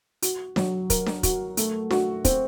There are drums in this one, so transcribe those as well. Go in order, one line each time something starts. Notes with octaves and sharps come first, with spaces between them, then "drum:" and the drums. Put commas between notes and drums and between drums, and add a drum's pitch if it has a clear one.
F#4, drum: hi-hat
F#3, drum: snare D4
A#4, drum: kick, hi-hat
drum: snare D4
F#4, drum: kick, hi-hat
A3, drum: hi-hat
F#4, drum: snare D4
C4, drum: kick, hi-hat